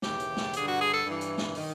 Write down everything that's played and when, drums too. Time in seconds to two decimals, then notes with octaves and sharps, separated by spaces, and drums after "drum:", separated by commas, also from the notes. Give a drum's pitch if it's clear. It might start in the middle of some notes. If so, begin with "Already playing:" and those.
0.02 D#2 C#3 E3 G4, drum: snare
0.20 drum: hi-hat
0.37 drum: snare
0.53 G2 D3 G#4, drum: hi-hat
0.66 F#4
0.79 G#4
0.92 A4
1.04 G2 E3
1.21 drum: hi-hat
1.38 drum: snare
1.55 D#3, drum: open hi-hat